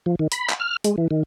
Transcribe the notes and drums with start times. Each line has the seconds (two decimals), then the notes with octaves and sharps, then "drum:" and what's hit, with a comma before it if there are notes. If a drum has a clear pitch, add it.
0.06 F3
0.19 D#3
0.32 B5, drum: hi-hat
0.49 drum: clap
0.60 F6
0.84 G#3, drum: hi-hat
0.98 E3
1.11 D#3